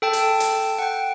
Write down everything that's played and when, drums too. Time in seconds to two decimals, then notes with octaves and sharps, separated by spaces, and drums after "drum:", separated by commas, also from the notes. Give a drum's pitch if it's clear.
0.02 A4 G5 A5
0.13 drum: hi-hat
0.40 drum: hi-hat
0.78 F#5 G5